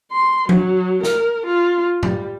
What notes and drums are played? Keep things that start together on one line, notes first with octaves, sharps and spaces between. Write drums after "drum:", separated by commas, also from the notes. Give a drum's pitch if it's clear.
C6
F#3, drum: tom F3
A#4, drum: snare
F4
G3, drum: tom G2